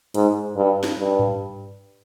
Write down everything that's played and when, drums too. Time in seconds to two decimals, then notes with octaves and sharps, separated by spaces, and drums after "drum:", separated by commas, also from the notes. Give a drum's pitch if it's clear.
0.14 G#2, drum: hi-hat
0.56 G2
0.83 drum: snare
0.98 G2
1.19 drum: tom G#2